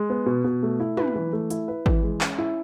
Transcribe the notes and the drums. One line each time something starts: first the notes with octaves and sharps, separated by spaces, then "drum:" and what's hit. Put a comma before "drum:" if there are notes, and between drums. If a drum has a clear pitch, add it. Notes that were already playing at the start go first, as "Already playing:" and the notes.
Already playing: G#3
B3
B2
B2
A3
E4
B4, drum: tom
E3
A3
E4, drum: hi-hat
B4
E3, drum: kick G#1
G#3
C#4, drum: clap
E4